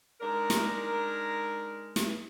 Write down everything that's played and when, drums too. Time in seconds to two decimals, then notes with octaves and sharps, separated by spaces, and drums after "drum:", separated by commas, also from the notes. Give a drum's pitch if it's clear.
0.21 G#3 D4 D#4 A#4
0.50 drum: snare
1.96 drum: snare